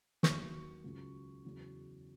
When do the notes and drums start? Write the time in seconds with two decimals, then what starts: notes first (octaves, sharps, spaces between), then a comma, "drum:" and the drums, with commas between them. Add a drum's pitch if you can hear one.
0.23 D#2 D#3 F#3 C#6, drum: snare
0.84 C#2 C#3 F#3
1.45 E2 C#3 F#3